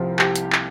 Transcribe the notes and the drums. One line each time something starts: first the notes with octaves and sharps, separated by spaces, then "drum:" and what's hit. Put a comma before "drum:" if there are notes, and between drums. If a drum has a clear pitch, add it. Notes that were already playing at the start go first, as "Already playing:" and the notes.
Already playing: C2 C3 F3 C4 F4
G4, drum: clap
drum: hi-hat
drum: clap